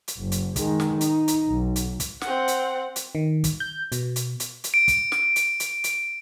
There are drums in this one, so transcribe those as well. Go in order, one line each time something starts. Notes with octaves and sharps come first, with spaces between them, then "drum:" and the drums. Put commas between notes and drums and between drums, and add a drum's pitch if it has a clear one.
drum: hi-hat
F#1
drum: hi-hat
D#3 G#3, drum: kick, hi-hat
drum: snare
D#4, drum: hi-hat
drum: hi-hat
B1
drum: hi-hat
drum: kick, hi-hat
C4 F#5, drum: snare
drum: hi-hat
drum: hi-hat
D#3
drum: kick, hi-hat
G6
B2, drum: hi-hat
drum: hi-hat
drum: hi-hat
drum: hi-hat
D7
drum: kick, hi-hat
drum: snare
drum: hi-hat
drum: hi-hat
drum: hi-hat